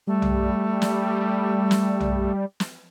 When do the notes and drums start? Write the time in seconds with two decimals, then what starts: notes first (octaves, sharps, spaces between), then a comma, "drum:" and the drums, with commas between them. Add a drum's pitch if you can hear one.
0.07 G3 A3
0.22 drum: tom
0.82 drum: snare
1.71 drum: snare
2.00 drum: tom
2.60 drum: snare